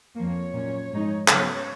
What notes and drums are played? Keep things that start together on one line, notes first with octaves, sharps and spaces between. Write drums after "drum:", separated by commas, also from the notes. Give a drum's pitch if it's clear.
F2 F3 A#3 C#5
A#2 F#3 C#4
G#2 F3 G#3 D#4
C#3 F#3 B3 C#5, drum: clap